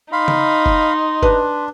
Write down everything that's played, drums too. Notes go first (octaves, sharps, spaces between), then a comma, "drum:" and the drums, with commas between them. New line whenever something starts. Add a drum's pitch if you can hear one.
D#4 F5 B5 C6
drum: tom C#3
drum: kick F#1
D4 B4, drum: kick F#1